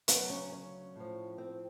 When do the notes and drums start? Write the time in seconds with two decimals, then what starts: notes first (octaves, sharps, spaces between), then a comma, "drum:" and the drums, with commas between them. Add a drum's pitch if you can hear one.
0.08 D2 C#3 F#3 B3, drum: hi-hat
0.30 C#4
0.52 C#4
0.96 A2 F3
1.38 C4